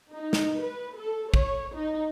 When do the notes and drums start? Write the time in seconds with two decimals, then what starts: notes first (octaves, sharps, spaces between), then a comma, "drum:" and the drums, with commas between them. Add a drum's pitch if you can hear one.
0.14 D#4
0.33 drum: snare
0.60 B4
0.96 A4
1.34 C#5, drum: kick A1
1.75 D#4